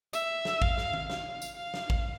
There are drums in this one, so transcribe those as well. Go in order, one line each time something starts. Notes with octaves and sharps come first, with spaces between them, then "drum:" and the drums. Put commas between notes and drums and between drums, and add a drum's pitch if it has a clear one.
E5, drum: tambourine
drum: snare
F5, drum: kick G#1
drum: snare
drum: tom D#3
F5, drum: snare
drum: tambourine
F5
drum: snare
drum: kick G#1